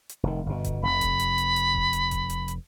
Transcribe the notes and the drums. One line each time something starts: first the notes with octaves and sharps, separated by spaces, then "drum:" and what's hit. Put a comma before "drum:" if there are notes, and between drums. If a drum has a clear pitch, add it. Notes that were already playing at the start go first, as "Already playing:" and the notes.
drum: hi-hat
F1 D#3
G1 B2
drum: kick D#1, hi-hat
F1 B5
drum: kick D#1, hi-hat
drum: hi-hat
drum: hi-hat
drum: hi-hat
drum: kick D#1
drum: hi-hat
drum: kick D#1, hi-hat
drum: hi-hat
drum: hi-hat